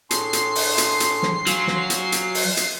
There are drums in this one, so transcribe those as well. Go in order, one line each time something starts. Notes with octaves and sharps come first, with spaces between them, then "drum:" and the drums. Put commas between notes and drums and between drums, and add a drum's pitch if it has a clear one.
A2 D4 G#4 A4 C#5 C6 C7, drum: hi-hat
drum: hi-hat
drum: open hi-hat
drum: hi-hat
drum: hi-hat
drum: snare
F#3 F5 G#5, drum: hi-hat
drum: snare
drum: hi-hat
drum: hi-hat
drum: open hi-hat
drum: hi-hat